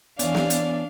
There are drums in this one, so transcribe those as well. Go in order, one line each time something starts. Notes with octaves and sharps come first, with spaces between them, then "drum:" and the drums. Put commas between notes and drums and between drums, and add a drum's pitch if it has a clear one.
E3 B3 C#4 D4 D5 F5, drum: hi-hat
drum: snare
drum: hi-hat